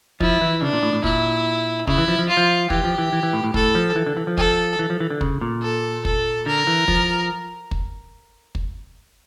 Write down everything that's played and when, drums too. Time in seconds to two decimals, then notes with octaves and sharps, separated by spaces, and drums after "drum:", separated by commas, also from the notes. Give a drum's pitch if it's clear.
0.21 F3 E4, drum: kick
0.41 E3
0.62 C#3 D4
0.73 A#2
0.83 A2
0.93 A2
1.04 A#2 E4, drum: kick
1.87 C#3 E4, drum: kick
1.98 E3
2.08 F3
2.19 F3
2.29 F4
2.37 F3
2.70 E3 G4, drum: kick
2.84 F3
2.98 E3
3.13 E3
3.23 E3
3.33 A2
3.44 A2
3.54 A2 A4, drum: kick
3.75 F3
3.96 E3
4.07 D3
4.17 E3
4.27 F3
4.38 A4, drum: kick
4.79 E3
4.90 F3
5.00 E3
5.10 D3
5.21 C#3, drum: kick
5.41 A#2
5.62 A4
6.05 A4, drum: kick
6.46 D3 A#4
6.67 E3
6.88 F3, drum: kick
7.71 drum: kick
8.55 drum: kick